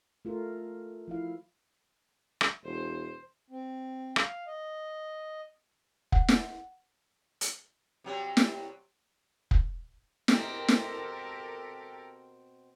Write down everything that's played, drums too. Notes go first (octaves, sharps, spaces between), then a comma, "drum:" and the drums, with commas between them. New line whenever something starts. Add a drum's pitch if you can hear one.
A3 F4 A#4
F3 E4 F5
drum: rim click
E1 C5
C4
F5, drum: rim click
D#5
F#5, drum: kick
drum: snare
drum: hi-hat
C3 F#3 G3
drum: snare
drum: kick
B2 C4 G4 A4 A#4, drum: snare
drum: snare